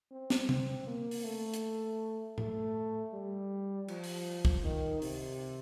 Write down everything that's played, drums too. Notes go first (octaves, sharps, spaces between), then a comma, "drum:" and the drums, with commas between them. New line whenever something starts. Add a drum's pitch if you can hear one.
C4
drum: snare
C4, drum: tom C3
A#3
drum: open hi-hat
A3
drum: hi-hat
A3, drum: tom A2
G3
F3, drum: cymbal
drum: open hi-hat
drum: kick
D#3
C3, drum: open hi-hat